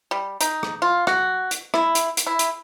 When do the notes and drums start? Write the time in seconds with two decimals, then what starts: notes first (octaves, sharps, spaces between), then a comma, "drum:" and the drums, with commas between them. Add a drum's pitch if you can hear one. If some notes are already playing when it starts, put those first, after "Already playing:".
0.11 G3
0.41 D#4, drum: hi-hat
0.63 drum: rim click
0.82 F4
1.07 F#4, drum: rim click
1.51 drum: hi-hat
1.74 E4, drum: rim click
1.95 drum: hi-hat
2.17 drum: hi-hat
2.27 E4
2.39 drum: hi-hat